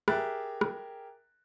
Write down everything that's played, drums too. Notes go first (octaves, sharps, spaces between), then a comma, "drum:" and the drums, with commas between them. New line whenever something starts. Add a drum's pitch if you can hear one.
G4 G#4 A#4 E5 F#6 A6, drum: rim click
drum: rim click